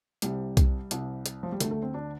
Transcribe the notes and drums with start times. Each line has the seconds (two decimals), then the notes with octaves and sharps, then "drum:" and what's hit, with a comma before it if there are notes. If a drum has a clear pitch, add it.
0.22 C2 C3 G3, drum: hi-hat
0.57 drum: kick B1, hi-hat
0.91 C2 C3, drum: hi-hat
1.26 drum: hi-hat
1.43 F3
1.52 G3
1.60 D2 D3 A3, drum: hi-hat
1.71 A3
1.82 C4
1.94 D4